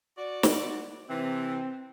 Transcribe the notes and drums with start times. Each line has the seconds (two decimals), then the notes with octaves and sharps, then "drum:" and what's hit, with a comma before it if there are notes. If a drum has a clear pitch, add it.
0.18 F#4 D5
0.43 drum: snare
1.10 C3 E3 C4